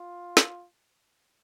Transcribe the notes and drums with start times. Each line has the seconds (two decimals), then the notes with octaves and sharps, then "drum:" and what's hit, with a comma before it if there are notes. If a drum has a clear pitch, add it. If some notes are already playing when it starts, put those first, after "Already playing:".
Already playing: F4
0.37 drum: snare